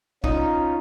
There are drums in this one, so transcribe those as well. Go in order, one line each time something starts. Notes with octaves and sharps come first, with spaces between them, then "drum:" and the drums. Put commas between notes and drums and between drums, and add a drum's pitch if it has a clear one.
C#4 D#4 F4, drum: kick